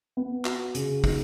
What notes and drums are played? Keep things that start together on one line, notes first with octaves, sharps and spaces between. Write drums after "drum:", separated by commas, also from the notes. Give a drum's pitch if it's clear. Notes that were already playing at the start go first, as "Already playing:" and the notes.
B3
F#4, drum: clap
C#3, drum: hi-hat
D#4, drum: kick, open hi-hat